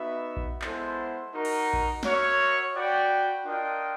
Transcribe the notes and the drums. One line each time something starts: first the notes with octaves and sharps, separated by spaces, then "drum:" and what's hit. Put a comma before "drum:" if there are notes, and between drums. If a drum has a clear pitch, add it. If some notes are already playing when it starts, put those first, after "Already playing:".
Already playing: B3 D#4 F#4 B4 E5
drum: kick A#1
G#3 B3 E4 A4 C5, drum: clap
D#4 F#4 A#4
drum: cymbal
drum: kick A#1
F#4 A#4 C#5 E5, drum: snare
F#4 B4 D5 G5
D4 F4 A#4 D#5 G5